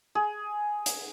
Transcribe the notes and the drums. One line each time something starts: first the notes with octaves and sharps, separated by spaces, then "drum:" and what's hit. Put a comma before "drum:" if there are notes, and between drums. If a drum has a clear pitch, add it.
G#4
drum: hi-hat